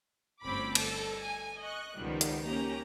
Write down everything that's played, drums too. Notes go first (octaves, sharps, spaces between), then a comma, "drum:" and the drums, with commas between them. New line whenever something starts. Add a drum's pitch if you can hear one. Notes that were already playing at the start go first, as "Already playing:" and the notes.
G1 D2 C4 C#4 B5 D6
A4 A5, drum: cymbal
G#5
D#5 C#6 F#6
C#2 D#3 F3 G3 B3
drum: hi-hat
A#3 C#4 G4 A#5